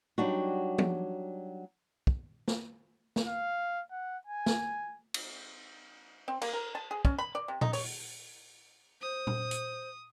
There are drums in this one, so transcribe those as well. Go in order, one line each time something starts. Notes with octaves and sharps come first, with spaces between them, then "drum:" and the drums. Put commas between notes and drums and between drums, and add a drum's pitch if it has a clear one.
F#3 G3 D4 D#4 F#4
drum: tom F3
drum: kick
drum: snare
drum: snare
F5
F#5
G#5
drum: snare
drum: cymbal
C4
A#3, drum: cymbal
A#4
A5
G#4
C#4, drum: kick
B5
D5
C3
D#4, drum: tom A#2
C#5, drum: open hi-hat
C5 D#6
drum: tom A#2
drum: hi-hat